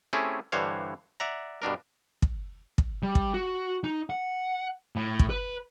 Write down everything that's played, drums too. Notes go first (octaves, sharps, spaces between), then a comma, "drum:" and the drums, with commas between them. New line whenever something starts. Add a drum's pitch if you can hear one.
A3 C4 C#4 E4 G4 G#4
G2 D3 E3 C5 C#5 F5
D5 E5 F#5 A#5
G2 B2 D4 A#4
drum: kick
drum: kick
G3
drum: kick
F#4
D#4
F#5
A2
drum: kick
B4